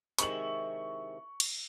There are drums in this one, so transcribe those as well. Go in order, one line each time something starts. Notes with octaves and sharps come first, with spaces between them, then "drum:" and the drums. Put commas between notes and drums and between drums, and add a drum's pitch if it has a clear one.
C3 D#3 G#3 E4 A#4 E5 C#6 F#7, drum: hi-hat
drum: cymbal